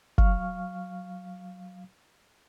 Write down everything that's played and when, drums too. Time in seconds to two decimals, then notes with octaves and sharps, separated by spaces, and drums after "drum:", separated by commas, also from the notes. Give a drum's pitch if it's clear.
0.18 F#3 F5 C#6 F6, drum: kick